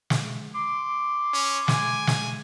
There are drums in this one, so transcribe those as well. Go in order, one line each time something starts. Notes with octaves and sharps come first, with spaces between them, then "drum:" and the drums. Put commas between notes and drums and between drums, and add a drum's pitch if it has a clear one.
drum: snare
C6 D6
C#4
G#5, drum: snare
drum: snare